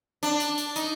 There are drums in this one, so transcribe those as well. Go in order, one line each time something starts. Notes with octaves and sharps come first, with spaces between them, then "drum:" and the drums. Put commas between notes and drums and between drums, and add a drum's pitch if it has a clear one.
D4, drum: hi-hat
drum: hi-hat
drum: hi-hat
D#4, drum: hi-hat